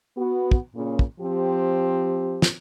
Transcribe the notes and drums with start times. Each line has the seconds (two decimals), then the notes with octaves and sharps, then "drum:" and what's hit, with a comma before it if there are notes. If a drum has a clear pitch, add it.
0.16 B3 F#4
0.51 drum: kick
0.75 A#2 C#3
0.99 drum: kick
1.21 F3 C4 G4
2.42 drum: snare